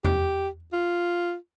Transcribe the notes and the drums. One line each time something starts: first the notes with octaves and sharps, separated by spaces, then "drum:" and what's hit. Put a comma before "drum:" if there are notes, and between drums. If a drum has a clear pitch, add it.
G4, drum: tom E2
F4